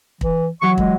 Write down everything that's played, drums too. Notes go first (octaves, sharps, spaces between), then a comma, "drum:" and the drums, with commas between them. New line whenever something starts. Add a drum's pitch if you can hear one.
E3, drum: kick
E3 F#3 F#4 C#6
G#3, drum: kick